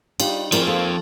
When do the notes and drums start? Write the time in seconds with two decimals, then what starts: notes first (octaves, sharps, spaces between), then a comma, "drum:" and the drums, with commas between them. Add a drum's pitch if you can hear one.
0.20 G3 D4 D#4 F4 G4, drum: cymbal
0.52 F3 G#3 C4 E4 A#4 D5 F5, drum: cymbal
0.67 A#3 A4